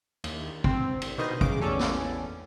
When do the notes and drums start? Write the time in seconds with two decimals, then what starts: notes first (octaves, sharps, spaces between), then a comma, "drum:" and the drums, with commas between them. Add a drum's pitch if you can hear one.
0.24 D#2, drum: cymbal
0.64 C4, drum: kick
1.02 drum: cymbal
1.18 B2 D#3 D#4 C5 D#5
1.41 C#3 D6, drum: kick
1.60 A1 E2 C#4 A4 D5
1.79 drum: snare